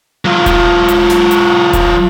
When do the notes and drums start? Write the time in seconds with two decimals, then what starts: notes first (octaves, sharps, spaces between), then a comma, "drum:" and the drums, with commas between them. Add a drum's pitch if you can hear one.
0.25 F#3 F4
0.46 drum: kick D#1, hi-hat
0.88 drum: hi-hat
1.10 drum: snare
1.31 drum: hi-hat
1.73 drum: kick D#1, hi-hat